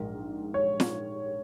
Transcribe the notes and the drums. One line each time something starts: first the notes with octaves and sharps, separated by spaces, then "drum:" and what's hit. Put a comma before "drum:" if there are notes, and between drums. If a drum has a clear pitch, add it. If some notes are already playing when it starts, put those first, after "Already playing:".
Already playing: A#1 G#2 G#3 A#4
C#5
drum: snare